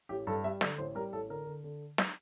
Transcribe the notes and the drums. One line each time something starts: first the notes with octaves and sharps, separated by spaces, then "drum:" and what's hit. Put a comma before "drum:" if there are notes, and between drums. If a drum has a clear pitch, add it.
A1 G4
G2 A4
G3 E5
D3 D5, drum: snare
A1 C5
G3 A#4
A1 A4
D3 A#4
D3
D3
drum: snare